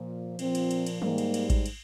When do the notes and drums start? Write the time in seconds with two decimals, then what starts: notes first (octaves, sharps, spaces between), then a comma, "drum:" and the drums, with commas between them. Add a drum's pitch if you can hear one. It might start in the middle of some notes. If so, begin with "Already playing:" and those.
Already playing: A#2 F3
0.39 A#2 F3 C4, drum: cymbal
0.55 drum: cymbal
0.71 drum: cymbal
0.86 drum: cymbal
1.02 G#2 G3 A#3, drum: tom
1.18 drum: cymbal
1.34 drum: cymbal
1.50 drum: kick A1, cymbal
1.66 drum: cymbal